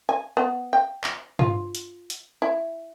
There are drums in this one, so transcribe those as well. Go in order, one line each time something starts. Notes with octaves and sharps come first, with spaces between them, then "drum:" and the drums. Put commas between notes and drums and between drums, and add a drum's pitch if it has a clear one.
G#5
B3
G5
drum: clap
F4, drum: tom G2
drum: hi-hat
drum: hi-hat
E4